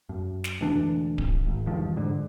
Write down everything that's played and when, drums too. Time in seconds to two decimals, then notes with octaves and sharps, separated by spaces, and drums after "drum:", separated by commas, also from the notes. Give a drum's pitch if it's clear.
0.09 F#2
0.44 drum: snare
0.61 E1 D2 E3 D4
1.18 G#1, drum: kick D1
1.46 G#1
1.67 E2 G2 D#3 F3
1.96 G#2 D3